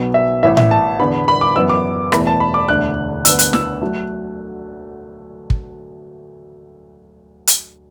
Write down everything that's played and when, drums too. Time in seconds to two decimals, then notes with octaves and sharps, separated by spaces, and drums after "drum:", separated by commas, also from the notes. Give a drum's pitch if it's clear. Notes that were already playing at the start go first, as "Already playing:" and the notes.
Already playing: B1 B2 F#3 B3
0.14 E5
0.43 A1 A2 E3 E5
0.57 E5, drum: tom A2
0.71 A5
0.99 E2 D3 B3 B5
1.28 B5
1.41 D6
1.56 F#2 E3 B3 E6
1.69 D6
2.12 E1 E2 E3 A3 B5, drum: rim click
2.27 A5
2.40 B5
2.54 D6
2.68 E1 D2 D3 A3 F#6
3.25 D2 D3 B3 E6, drum: hi-hat
3.39 F#6, drum: hi-hat
3.53 E6, drum: snare
3.81 F#3 A3
5.50 drum: kick
7.47 drum: hi-hat